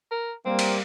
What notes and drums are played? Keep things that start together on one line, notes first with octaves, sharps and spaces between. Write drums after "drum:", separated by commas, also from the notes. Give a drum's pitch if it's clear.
A#4
G3 A#3 C4
drum: cymbal